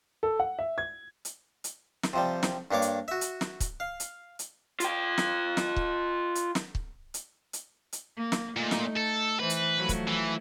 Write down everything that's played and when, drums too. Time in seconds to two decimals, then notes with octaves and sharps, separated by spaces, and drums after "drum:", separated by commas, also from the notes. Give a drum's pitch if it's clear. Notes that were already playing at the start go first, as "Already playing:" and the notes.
0.23 A4
0.40 F#5
0.59 E5
0.78 G#6
1.25 drum: hi-hat
1.64 drum: hi-hat
2.03 drum: snare
2.13 C3 F3 G3
2.43 drum: snare
2.71 G2 A#3 D4 C#5 D6
2.82 drum: hi-hat
3.08 F#4 E5
3.21 drum: hi-hat
3.41 drum: snare
3.60 drum: kick, hi-hat
3.80 F5
4.00 drum: hi-hat
4.39 drum: hi-hat
4.80 F4 G5, drum: hi-hat
5.18 drum: snare
5.57 drum: snare
5.76 drum: kick
6.35 drum: hi-hat
6.55 drum: snare
6.75 drum: kick
7.14 drum: hi-hat
7.53 drum: hi-hat
7.93 drum: hi-hat
8.16 A#3
8.32 drum: snare
8.56 A#2 A3 D#4
8.71 drum: snare
8.96 A4
9.39 E3 B4 C5
9.50 drum: hi-hat
9.76 F3 F#3 A3
9.89 drum: kick, hi-hat
10.08 E3